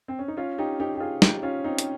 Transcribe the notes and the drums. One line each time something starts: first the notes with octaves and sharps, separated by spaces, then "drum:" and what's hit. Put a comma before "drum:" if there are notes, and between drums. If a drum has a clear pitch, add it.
C4
C#4
D#4
C#4 F4
D#4 G4
D#4 G4
G4
F4 G#4
D#4 G4, drum: snare
C#4 F4
C4 D#4
drum: hi-hat